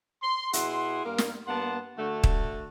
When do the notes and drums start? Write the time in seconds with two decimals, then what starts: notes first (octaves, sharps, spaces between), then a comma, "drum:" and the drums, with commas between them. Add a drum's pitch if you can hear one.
0.22 C6
0.53 B2 E4 G#4 F#5 C6, drum: hi-hat
1.04 G2 A#3 A#4 F5
1.18 drum: snare
1.47 G2 A#3 B3 F#5 A5 C6
1.98 D3 A3 F#4
2.24 drum: kick